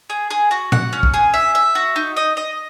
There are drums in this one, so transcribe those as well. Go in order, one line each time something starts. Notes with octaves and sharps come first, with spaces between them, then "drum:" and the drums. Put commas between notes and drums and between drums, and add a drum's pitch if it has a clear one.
G#4
G#4
F#4
F#5, drum: tom A#2
C#4
drum: kick
G#4
E5
E5
F#4
D#4
D#5
D#5